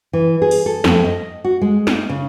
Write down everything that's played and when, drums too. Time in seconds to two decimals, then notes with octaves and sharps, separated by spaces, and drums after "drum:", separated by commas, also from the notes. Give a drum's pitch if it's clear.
0.13 E3
0.42 G#4
0.51 drum: open hi-hat
0.66 A4
0.84 F2, drum: snare
1.05 D#5
1.44 F#4
1.62 G#3
1.87 D#4, drum: snare
2.09 C#3